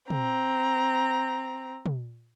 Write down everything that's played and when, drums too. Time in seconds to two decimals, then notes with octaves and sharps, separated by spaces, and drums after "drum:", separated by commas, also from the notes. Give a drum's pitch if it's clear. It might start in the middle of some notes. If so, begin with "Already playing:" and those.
0.10 C4 A#5, drum: tom
1.86 drum: tom